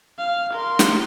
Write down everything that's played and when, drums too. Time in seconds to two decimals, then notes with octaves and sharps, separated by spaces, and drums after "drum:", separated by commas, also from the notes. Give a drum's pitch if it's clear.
0.18 F5
0.53 A#4 C6
0.79 drum: snare